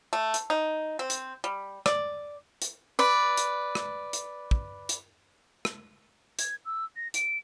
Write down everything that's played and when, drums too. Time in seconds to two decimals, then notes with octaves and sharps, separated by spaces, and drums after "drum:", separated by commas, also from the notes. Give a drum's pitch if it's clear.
0.13 A3
0.34 drum: hi-hat
0.50 D#4
0.99 C4
1.10 drum: hi-hat
1.44 G3
1.86 D5, drum: rim click
2.62 drum: hi-hat
2.99 B4 D5
3.37 drum: hi-hat
3.75 drum: rim click
4.13 drum: hi-hat
4.51 drum: kick
4.89 drum: hi-hat
5.65 drum: rim click
6.39 G#6, drum: hi-hat
6.65 E6
6.96 A#6
7.14 D7, drum: hi-hat